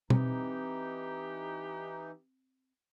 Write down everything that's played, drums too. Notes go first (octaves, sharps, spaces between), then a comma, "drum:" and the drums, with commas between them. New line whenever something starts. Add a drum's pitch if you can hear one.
E3 C4 D#4 G4, drum: tom B2